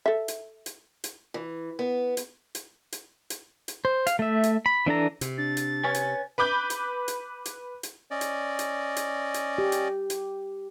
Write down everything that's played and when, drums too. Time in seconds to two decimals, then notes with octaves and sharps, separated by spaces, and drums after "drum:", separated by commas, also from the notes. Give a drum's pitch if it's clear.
0.06 A4 E5
0.28 drum: hi-hat
0.66 drum: hi-hat
1.04 drum: hi-hat
1.34 E3
1.79 B3
2.17 drum: hi-hat
2.55 drum: hi-hat
2.92 drum: hi-hat
3.30 drum: hi-hat
3.68 drum: hi-hat
3.85 C5
4.07 F5, drum: hi-hat
4.19 A3 E5
4.43 drum: hi-hat
4.66 B5
4.86 E3 D4 A4 A#5
5.21 C3, drum: hi-hat
5.38 D4 A6
5.57 drum: hi-hat
5.84 B4 C#5 G#5
5.94 drum: hi-hat
6.38 B4 B5 D6 G6
6.70 drum: hi-hat
7.08 drum: hi-hat
7.45 drum: hi-hat
7.83 drum: hi-hat
8.11 C#4 D5 D#5
8.21 drum: hi-hat
8.59 drum: hi-hat
8.97 drum: hi-hat
9.34 drum: hi-hat
9.58 G4
9.72 drum: hi-hat
10.10 drum: hi-hat